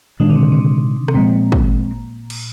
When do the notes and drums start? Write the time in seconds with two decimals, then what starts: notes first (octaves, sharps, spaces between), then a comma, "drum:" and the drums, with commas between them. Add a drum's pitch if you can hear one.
0.20 A#2 D#3 G#3 D4
0.30 D3
0.36 C3
0.52 C3
1.08 C3, drum: rim click
1.14 A#2 F3 G#3 C4
1.52 drum: kick
2.30 drum: cymbal